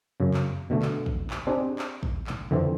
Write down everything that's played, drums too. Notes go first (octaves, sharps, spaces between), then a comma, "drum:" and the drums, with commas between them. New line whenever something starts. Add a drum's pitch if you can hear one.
F#2 C#3
drum: clap
B2 D3 A3
drum: clap
drum: kick
drum: clap
C4 D4 D#4 G4 G#4
drum: clap
drum: kick
drum: clap
F2 D3 E3 C4